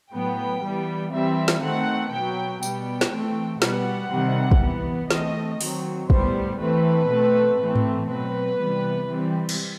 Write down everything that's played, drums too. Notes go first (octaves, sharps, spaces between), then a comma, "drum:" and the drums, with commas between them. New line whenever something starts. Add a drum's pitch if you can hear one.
A2 F#3 B3 G5
E3 G3 B3
E3 G3 C4 E5
drum: snare
D#3 A3 C4 F#5
B2 F#3 B3 G5
B2 G3 B3 G5, drum: tambourine
drum: snare
E3 A3 C4
B2 G3 B3 F#5, drum: snare
C3 D#3 G3 C4
drum: kick
E3 B3
E3 A3 C4 D#5, drum: snare
D#3 F#3 C4, drum: open hi-hat
A2 G3 B3 C5, drum: kick
E3 A3 C4 B4
B2 A3 C4
A2 E3 A3 C4
drum: tom G#2
B2 F#3 C4 B4
C3 E3 G3 B3
E3 G3 C4
drum: cymbal